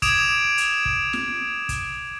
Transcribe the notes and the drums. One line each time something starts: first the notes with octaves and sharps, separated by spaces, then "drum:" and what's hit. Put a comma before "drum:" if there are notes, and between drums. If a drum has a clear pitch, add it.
D6 D#6 G#6 D7 E7 F7, drum: kick, hi-hat
drum: hi-hat
drum: kick
drum: snare
drum: kick, hi-hat